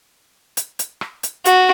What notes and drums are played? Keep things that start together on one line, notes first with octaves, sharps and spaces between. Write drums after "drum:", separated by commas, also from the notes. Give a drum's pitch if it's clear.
drum: hi-hat
drum: hi-hat
drum: rim click
drum: hi-hat
F#4, drum: hi-hat